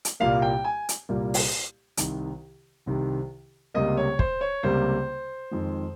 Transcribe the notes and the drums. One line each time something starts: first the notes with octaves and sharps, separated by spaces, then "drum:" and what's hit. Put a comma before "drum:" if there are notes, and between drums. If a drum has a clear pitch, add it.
drum: hi-hat
C2 A#2 G3 A#3 F5
G5
G#5
drum: hi-hat
C2 A#2 G3 A#3
drum: open hi-hat
C2 C3 D#3, drum: hi-hat
C2 C3 D#3
C#2 C3 G3 A#3 D#5
C#5
C5, drum: kick
C#5
C#2 C3 G3 A#3 C5
F2 D#3 G#3